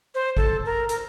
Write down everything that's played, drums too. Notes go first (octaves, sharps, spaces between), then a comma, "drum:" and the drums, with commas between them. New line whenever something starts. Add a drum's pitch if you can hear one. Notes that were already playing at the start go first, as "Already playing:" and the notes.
C5
A4, drum: kick
A#4
A#4, drum: hi-hat